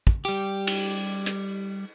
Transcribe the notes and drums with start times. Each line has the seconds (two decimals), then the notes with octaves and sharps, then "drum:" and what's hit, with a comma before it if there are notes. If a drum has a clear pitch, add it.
0.07 drum: kick
0.25 G3 G4, drum: tambourine
0.67 drum: cymbal
1.26 drum: hi-hat